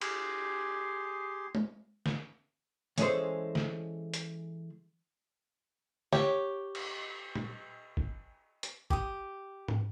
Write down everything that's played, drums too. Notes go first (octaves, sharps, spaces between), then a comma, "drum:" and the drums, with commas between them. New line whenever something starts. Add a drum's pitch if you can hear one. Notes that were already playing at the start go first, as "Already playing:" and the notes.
G4 G#4 C6, drum: cymbal
drum: tom G#3
drum: snare
E3 G#3 C#4 G#4 A4 C5, drum: hi-hat
drum: snare
drum: hi-hat
G4 C#5, drum: snare
drum: cymbal
drum: tom A#2
drum: kick G1
drum: hi-hat
G4 D#6, drum: kick G1
drum: tom G#2